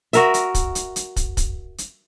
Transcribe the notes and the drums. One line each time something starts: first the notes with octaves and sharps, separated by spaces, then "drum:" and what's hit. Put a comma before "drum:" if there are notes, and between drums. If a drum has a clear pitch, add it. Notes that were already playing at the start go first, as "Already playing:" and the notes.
F#4 A#4 E5, drum: hi-hat
drum: hi-hat
drum: kick, hi-hat
drum: hi-hat
drum: hi-hat
drum: kick, hi-hat
drum: kick, hi-hat
drum: hi-hat